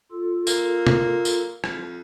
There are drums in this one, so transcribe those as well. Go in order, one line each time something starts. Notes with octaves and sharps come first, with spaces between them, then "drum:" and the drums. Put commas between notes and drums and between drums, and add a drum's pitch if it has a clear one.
F4 A4
A#3, drum: tambourine
drum: tom
drum: tambourine
F2, drum: rim click